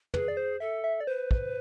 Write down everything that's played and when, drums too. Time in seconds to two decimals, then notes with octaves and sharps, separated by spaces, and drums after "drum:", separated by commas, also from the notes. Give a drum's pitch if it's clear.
0.14 G#4 B4, drum: tom
0.28 D5
0.37 C5
0.60 A4 E5
0.84 E5
1.00 D5
1.07 B4 C5
1.31 drum: kick